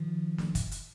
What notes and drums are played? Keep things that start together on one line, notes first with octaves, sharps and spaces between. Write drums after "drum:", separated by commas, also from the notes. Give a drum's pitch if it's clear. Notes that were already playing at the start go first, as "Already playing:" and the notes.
Already playing: D#3 F3
drum: snare
drum: kick, hi-hat
drum: hi-hat